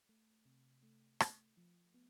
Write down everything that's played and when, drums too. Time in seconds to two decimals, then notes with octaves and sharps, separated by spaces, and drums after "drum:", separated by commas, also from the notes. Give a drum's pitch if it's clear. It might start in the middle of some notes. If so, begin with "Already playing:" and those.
0.09 A3
0.45 C3
0.83 A3
1.20 A3, drum: rim click
1.57 F3
1.94 B3